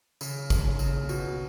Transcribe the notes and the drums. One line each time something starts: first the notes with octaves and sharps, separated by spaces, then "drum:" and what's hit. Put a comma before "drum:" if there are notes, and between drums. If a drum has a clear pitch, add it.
C#3, drum: tambourine
C#3, drum: kick, tambourine
C#3, drum: tambourine
B2, drum: tambourine